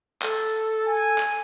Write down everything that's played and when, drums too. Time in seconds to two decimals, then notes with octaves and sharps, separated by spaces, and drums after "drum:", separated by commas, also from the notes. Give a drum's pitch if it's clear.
0.22 A4, drum: clap
0.87 G#5
1.18 drum: clap